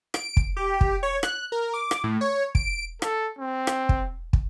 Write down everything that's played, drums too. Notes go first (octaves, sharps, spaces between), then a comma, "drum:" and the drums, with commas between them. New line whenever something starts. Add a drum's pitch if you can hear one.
D7, drum: rim click
drum: kick
G4
drum: kick
C#5
F#6, drum: rim click
A#4
D6
drum: rim click
A2
C#5
D7, drum: kick
A4, drum: rim click
C4
drum: rim click
drum: kick
drum: kick